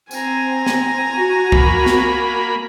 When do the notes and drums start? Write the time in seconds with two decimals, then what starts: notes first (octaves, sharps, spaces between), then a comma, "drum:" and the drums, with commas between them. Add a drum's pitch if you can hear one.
0.11 C4 G#5 A#5, drum: tambourine
0.66 drum: snare
1.12 F#4
1.52 A#3 B5, drum: kick C2
1.86 drum: snare